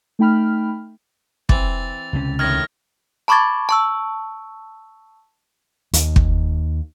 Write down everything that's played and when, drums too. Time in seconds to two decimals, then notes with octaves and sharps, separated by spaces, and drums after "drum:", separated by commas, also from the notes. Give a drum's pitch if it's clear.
0.19 A3 D#4 G5 B5 F6
1.49 E3 C4 A6 F7, drum: kick
2.13 C#2 C3 C#4
2.39 A2 D#3 F6 G#6 A#6
3.28 A5 B5 C#6 D6 G#6 A6
3.69 A5 C#6 E6
5.93 D#2, drum: hi-hat
6.16 drum: kick